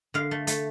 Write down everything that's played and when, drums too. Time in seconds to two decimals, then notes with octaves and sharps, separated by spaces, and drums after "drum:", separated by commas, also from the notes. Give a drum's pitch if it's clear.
0.14 D3 F5
0.31 A3
0.47 A3, drum: hi-hat